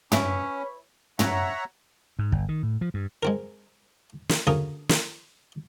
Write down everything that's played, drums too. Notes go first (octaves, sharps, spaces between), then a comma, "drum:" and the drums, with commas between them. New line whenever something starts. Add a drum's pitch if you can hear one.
C#4 E4 B4 C#5 B5 C#6, drum: tom
C#5 E5 F#5 A#5, drum: tom
G#2
G1, drum: kick
D#3
A2
F3
G2
G#3 C4 A#4
drum: snare
D2 C#3 C#4 A#4 D#6
drum: snare